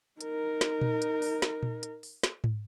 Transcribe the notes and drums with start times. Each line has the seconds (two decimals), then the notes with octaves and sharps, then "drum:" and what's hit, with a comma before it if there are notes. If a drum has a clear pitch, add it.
0.21 D#4 A#4, drum: hi-hat
0.61 drum: snare
0.81 drum: tom A#2
1.02 drum: hi-hat
1.22 drum: open hi-hat
1.42 drum: snare
1.63 drum: tom A#2
1.83 drum: hi-hat
2.03 drum: open hi-hat
2.23 drum: snare
2.44 drum: tom G#2